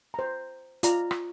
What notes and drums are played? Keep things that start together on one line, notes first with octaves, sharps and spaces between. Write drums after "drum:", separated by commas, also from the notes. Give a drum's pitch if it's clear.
C5 A#5
F4 D5 A#5, drum: hi-hat
drum: rim click